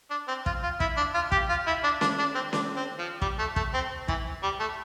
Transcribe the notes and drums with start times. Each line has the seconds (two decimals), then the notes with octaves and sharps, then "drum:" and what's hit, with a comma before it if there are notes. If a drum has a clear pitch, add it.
0.11 D4
0.28 C4
0.46 F4, drum: kick
0.63 F4
0.80 E4, drum: kick
0.97 D4
1.14 F4
1.32 G4, drum: kick
1.49 F4
1.67 E4
1.84 D4
2.01 D4, drum: snare C#4
2.19 D4
2.35 C4
2.53 D4, drum: snare C#4
2.76 C4
2.99 F3
3.22 G3, drum: kick
3.39 A3
3.56 A3, drum: kick
3.74 C4
4.08 E3, drum: kick
4.43 G3
4.60 A3